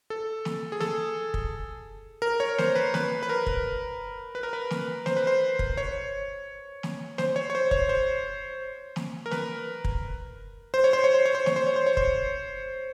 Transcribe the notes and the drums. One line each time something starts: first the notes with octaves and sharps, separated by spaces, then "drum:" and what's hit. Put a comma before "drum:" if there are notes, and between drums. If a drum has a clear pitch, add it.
A4
drum: snare
G#4
A4, drum: snare
drum: kick
A#4
C#5
C5, drum: snare
B4
B4, drum: snare
B4
A#4
drum: kick
B4
A#4
B4
drum: snare
C5, drum: snare
B4
C5
drum: kick
C#5
drum: snare
C5, drum: snare
C#5
C#5
C5
C#5, drum: kick
C5
drum: snare
A#4
B4, drum: snare
drum: kick
C5
C#5
C5
C#5
C5
C#5
C5
C#5, drum: snare
C5
C#5
C5
C#5
C5, drum: kick